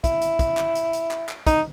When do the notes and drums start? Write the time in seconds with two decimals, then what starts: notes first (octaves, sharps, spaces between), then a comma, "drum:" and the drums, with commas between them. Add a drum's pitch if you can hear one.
0.04 E4, drum: kick, hi-hat
0.21 drum: hi-hat
0.39 drum: kick, hi-hat
0.57 drum: clap
0.75 drum: hi-hat
0.93 drum: hi-hat
1.11 drum: clap
1.29 drum: clap
1.46 D#4, drum: kick, hi-hat